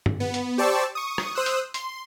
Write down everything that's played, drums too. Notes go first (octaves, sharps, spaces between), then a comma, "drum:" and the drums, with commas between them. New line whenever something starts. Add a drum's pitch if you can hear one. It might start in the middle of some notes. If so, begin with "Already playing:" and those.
drum: tom G2
B3
drum: hi-hat
G4 C5 D5 A5 C#6 E6
C#6 D#6
drum: rim click
C5 D#6 E6 F#6
drum: hi-hat
C6, drum: hi-hat